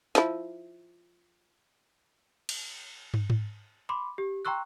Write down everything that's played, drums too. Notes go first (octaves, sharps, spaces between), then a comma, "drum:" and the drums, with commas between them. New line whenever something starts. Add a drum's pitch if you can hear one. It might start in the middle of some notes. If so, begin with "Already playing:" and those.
F3 E4, drum: snare
drum: cymbal
drum: tom
drum: tom G#2
B5 C6 D6
G4
G5 A#5 C6 C#6 E6 F#6